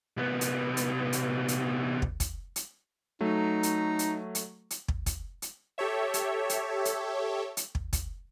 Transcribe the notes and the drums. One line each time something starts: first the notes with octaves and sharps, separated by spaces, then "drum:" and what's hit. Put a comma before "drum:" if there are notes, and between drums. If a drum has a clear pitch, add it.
C2 B3
drum: hi-hat
drum: hi-hat
drum: hi-hat
drum: hi-hat
drum: kick
drum: kick, hi-hat
drum: hi-hat
F#3 A3 D#4
drum: hi-hat
drum: hi-hat
drum: hi-hat
drum: hi-hat
drum: kick
drum: kick, hi-hat
drum: hi-hat
G4 A4 C#5 E5
drum: hi-hat
drum: hi-hat
drum: hi-hat
drum: hi-hat
drum: kick
drum: kick, hi-hat